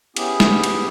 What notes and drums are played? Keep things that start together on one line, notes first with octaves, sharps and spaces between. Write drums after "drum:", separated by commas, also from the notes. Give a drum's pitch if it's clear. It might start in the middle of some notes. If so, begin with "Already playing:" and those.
B3 C#4 E4 G4 G#4, drum: cymbal
drum: snare
drum: cymbal